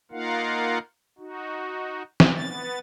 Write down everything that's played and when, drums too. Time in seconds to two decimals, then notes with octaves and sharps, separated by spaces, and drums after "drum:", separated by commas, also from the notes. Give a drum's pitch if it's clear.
0.11 A#3 D#4 F4 A#4 F5 F#5
1.19 D#4 F#4
2.20 drum: snare
2.36 B3 A6